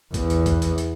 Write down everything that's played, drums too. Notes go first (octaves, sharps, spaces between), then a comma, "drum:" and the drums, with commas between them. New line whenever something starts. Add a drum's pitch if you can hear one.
E2, drum: kick, hi-hat
drum: hi-hat
drum: kick, hi-hat
drum: hi-hat
drum: hi-hat